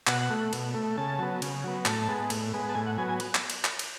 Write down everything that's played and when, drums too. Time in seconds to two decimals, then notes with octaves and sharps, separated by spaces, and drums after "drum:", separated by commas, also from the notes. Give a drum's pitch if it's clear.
0.07 B2 F#5, drum: clap
0.30 A3
0.53 B2, drum: cymbal
0.74 A3
0.97 C#3 A5
1.19 F#3 B3
1.42 C#3, drum: cymbal
1.64 F#3 B3
1.85 A2 A5, drum: clap
2.08 G#3 B3
2.30 A2, drum: cymbal
2.54 G#3 B3
2.69 A5
2.75 A2 G#5
2.86 F#5
2.98 F#3 B3 G#5
3.09 G#5
3.20 drum: cymbal
3.35 drum: clap
3.50 drum: cymbal
3.64 drum: clap
3.79 drum: cymbal